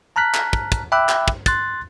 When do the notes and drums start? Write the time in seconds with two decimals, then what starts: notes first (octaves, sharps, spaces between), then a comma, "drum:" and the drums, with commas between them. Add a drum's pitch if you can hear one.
0.16 A5 A#5 F6 F#6 B6
0.34 drum: clap
0.53 drum: kick
0.72 drum: kick, hi-hat
0.92 E5 G5 B5 D6 E6 F#6
1.09 drum: clap
1.28 drum: kick
1.46 C6 F#6 A6, drum: kick, hi-hat